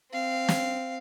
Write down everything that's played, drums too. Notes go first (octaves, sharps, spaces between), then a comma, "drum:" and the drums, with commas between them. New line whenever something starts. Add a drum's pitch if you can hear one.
C4 F5
drum: snare